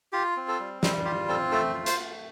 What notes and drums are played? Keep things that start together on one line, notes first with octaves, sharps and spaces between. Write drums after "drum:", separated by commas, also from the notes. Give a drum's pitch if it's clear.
F4 G4
C4
A4
G3
G3 C5, drum: snare
F4 G4
C4 A4
A3 A4
F4
C5, drum: hi-hat
A3